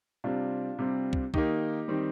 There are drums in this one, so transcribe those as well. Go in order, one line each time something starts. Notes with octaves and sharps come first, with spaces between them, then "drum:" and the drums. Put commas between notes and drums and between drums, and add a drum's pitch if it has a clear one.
C3 G3 C4 D4 F4
C3 G3 C4
drum: kick
D#3 A#3 D#4 G4, drum: kick
D#3 G3 C4